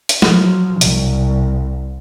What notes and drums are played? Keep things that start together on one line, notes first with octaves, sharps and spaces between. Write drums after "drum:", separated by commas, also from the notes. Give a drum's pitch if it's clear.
drum: hi-hat
F3 F#3, drum: snare
C2, drum: hi-hat